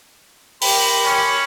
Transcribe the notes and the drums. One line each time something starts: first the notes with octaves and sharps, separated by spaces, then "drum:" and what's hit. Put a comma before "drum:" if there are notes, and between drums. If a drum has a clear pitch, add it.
G4 A#4 G5 B5 C6, drum: open hi-hat
C#4